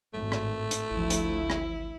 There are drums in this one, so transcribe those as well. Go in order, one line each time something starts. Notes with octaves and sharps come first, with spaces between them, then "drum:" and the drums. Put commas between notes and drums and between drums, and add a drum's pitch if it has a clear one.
G#1 A2 A3
drum: rim click
drum: hi-hat
G#1 D2 F3 E4
drum: hi-hat
drum: rim click